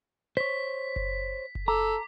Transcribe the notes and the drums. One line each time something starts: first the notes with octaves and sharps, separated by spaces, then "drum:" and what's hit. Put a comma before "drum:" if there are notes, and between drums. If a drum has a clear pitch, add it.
C5 C#5 B6
drum: kick F#1
drum: kick F#1
A4 A#5 D6